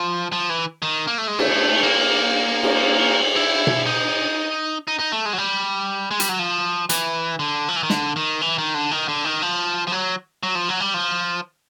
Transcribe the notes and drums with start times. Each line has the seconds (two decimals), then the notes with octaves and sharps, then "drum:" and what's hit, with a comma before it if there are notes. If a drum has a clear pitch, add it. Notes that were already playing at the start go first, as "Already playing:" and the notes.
Already playing: F3
0.32 F3
0.49 E3
0.82 D#3
1.07 A#3
1.18 A3
1.28 G#3
1.39 A3, drum: cymbal
1.83 A#3
2.63 drum: cymbal
3.36 E4
3.67 drum: tom B2
3.86 D#4
4.88 D#4
4.99 D#4
5.12 A3
5.25 G#3
5.33 F#3
5.38 G3
6.11 G#3
6.20 G3, drum: hi-hat
6.29 F#3
6.39 F3
6.89 E3, drum: hi-hat
7.39 D3
7.68 F3
7.76 E3
7.83 D#3
7.90 D3, drum: snare
8.16 D#3
8.41 E3
8.58 D#3
8.74 D3
8.91 D#3
9.08 D3
9.25 D#3
9.42 F3
9.87 F3
9.92 F#3
10.43 F#3
10.55 F3
10.69 F#3
10.80 G3
10.94 F3